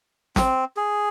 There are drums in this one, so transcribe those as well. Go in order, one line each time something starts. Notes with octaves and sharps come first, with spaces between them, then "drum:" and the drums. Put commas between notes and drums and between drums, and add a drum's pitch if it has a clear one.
C4, drum: snare
G#4